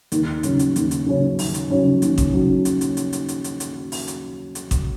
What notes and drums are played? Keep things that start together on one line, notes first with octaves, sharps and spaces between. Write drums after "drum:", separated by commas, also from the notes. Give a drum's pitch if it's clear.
D#2, drum: hi-hat
C#3 F#3 C#4, drum: hi-hat
drum: hi-hat
D#2, drum: hi-hat
drum: hi-hat
C#3 F#3 C#4
D#2, drum: open hi-hat
drum: hi-hat
C#3 F#3 C#4
D#2, drum: hi-hat
drum: kick A1, hi-hat
C#3 F#3 C#4
drum: hi-hat
drum: hi-hat
drum: hi-hat
drum: hi-hat
drum: hi-hat
drum: hi-hat
drum: hi-hat
drum: open hi-hat
drum: hi-hat
drum: hi-hat
drum: kick A1, hi-hat